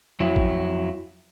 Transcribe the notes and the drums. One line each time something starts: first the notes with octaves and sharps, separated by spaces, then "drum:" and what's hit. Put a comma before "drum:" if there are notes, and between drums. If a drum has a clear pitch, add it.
F2 F#3 E4
drum: kick A1